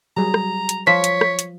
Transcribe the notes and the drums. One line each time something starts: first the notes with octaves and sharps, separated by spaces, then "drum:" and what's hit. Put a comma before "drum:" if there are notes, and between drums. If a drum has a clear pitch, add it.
F#3 G3 G#4 A#5
drum: rim click
drum: hi-hat
F3 C#5 B6
drum: hi-hat
drum: rim click
drum: hi-hat